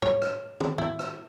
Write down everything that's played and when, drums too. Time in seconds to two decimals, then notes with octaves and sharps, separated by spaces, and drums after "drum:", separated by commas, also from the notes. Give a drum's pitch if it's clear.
0.02 C#5, drum: tom
0.22 drum: rim click
0.60 drum: tom
0.78 E4, drum: tom
0.99 drum: rim click